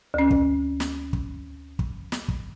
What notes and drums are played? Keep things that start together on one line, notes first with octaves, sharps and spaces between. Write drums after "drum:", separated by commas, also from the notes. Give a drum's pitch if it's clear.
D2 C#4
drum: kick
drum: snare
drum: kick
drum: kick
drum: snare
drum: kick